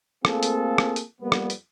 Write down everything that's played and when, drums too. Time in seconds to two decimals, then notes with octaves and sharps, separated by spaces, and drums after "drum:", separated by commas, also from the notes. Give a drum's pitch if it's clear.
0.25 A3 A#3 C4 F4 G#4 A4, drum: rim click
0.43 drum: hi-hat
0.78 drum: rim click
0.96 drum: hi-hat
1.21 F2 G3 A#3 B3
1.32 drum: rim click
1.50 drum: hi-hat